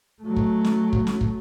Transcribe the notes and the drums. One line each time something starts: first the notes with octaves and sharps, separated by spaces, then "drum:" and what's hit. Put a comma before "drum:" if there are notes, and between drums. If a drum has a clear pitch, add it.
F#3 A3
drum: kick
drum: snare
drum: kick
drum: snare
drum: kick